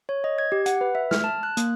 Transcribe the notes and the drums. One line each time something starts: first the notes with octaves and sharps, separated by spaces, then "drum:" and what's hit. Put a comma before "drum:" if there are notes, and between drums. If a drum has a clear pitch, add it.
C#5
D#5
G#6
G4
F#5, drum: hi-hat
B4
E5
F6, drum: snare
A5
F#6
A#3, drum: hi-hat